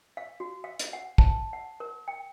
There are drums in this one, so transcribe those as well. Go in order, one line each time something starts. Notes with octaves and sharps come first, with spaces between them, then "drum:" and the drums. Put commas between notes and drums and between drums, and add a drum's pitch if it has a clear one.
F5
F#4
F5
drum: hi-hat
F#5
A5, drum: kick
F#5
A#4
G5